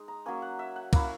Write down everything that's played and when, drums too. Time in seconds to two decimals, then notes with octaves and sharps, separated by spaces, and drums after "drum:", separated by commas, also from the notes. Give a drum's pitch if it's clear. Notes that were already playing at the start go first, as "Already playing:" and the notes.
Already playing: G#3 D#4
0.08 A#5
0.26 F#3 A#3 C#4 G#5
0.42 F#5
0.59 E5
0.76 F#5
0.93 A#3 C#4 E4 E5, drum: kick, cymbal